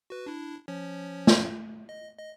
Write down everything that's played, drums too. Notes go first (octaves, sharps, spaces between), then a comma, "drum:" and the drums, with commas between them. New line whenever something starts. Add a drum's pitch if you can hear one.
F#4 B4
D4 E4
F3 C#4 C#5
drum: snare
D#5
D#5